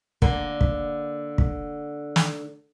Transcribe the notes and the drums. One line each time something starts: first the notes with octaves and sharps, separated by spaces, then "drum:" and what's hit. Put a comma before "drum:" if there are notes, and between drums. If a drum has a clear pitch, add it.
D3 A#3, drum: kick
drum: kick
drum: kick
drum: snare